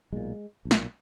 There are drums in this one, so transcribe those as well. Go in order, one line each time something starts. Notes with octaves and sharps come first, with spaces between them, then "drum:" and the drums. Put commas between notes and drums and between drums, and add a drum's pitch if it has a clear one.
B1 A#2 G#3
B1
A#2, drum: snare